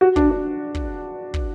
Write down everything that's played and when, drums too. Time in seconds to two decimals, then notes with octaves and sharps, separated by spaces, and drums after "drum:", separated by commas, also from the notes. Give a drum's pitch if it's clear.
0.01 F#4
0.16 D4, drum: kick
0.30 D4
0.75 drum: kick
1.34 drum: kick